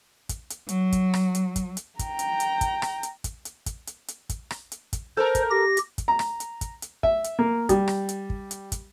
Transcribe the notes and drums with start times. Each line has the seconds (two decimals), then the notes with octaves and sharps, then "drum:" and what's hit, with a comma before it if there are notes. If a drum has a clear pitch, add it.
0.29 drum: kick, hi-hat
0.50 drum: hi-hat
0.69 F#3, drum: hi-hat
0.92 drum: kick, hi-hat
1.14 drum: rim click
1.35 drum: hi-hat
1.56 drum: kick, hi-hat
1.77 drum: hi-hat
1.99 G5 A#5, drum: kick, hi-hat
2.19 drum: hi-hat
2.40 drum: hi-hat
2.61 drum: kick, hi-hat
2.82 drum: rim click
3.03 drum: hi-hat
3.24 drum: kick, hi-hat
3.45 drum: hi-hat
3.66 drum: kick, hi-hat
3.87 drum: hi-hat
4.08 drum: hi-hat
4.29 drum: kick, hi-hat
4.51 drum: rim click
4.72 drum: hi-hat
4.93 drum: kick, hi-hat
5.17 A4 A#4 C5
5.35 drum: kick, hi-hat
5.51 G4 A#6
5.77 drum: hi-hat
5.98 drum: kick, hi-hat
6.08 A#5
6.19 drum: rim click
6.40 drum: hi-hat
6.61 drum: kick, hi-hat
6.82 drum: hi-hat
7.03 E5, drum: kick
7.24 drum: hi-hat
7.39 A#3
7.69 G3, drum: kick, hi-hat
7.88 drum: rim click
8.09 drum: hi-hat
8.30 drum: kick
8.51 drum: hi-hat
8.72 drum: kick, hi-hat